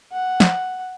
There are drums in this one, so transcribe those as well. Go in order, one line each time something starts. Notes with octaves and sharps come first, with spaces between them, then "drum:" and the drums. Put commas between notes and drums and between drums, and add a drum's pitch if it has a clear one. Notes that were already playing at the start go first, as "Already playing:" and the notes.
F#5
drum: snare